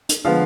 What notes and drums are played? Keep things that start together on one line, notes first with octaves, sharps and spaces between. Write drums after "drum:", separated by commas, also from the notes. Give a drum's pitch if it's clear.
drum: hi-hat
D3 F3 G#3 B3 F5